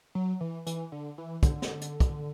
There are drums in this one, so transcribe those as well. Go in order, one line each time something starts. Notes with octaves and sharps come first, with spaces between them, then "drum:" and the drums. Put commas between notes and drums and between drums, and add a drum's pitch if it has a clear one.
F#3
E3
E3, drum: hi-hat
D3
E3
D3, drum: kick, hi-hat
drum: snare
drum: hi-hat
drum: kick, hi-hat